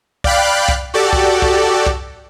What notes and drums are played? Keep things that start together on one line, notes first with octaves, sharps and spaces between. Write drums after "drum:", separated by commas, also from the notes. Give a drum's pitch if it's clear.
D5 F5 G5 B5 F#6, drum: kick
drum: kick
F#4 G4 A4 D5
drum: kick
drum: kick
drum: kick